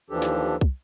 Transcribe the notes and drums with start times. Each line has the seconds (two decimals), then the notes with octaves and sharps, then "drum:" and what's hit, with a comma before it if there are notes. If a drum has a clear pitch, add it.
0.10 D#2 E3 F3 D4 G4 A4
0.22 drum: snare
0.61 drum: kick